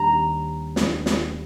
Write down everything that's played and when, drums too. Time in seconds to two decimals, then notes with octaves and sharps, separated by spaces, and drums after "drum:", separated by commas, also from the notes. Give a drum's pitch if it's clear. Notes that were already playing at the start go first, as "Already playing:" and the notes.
Already playing: D#2 D#3 G3 D4 A#5
0.76 D#2 D#3 G3 D4, drum: snare
1.06 drum: snare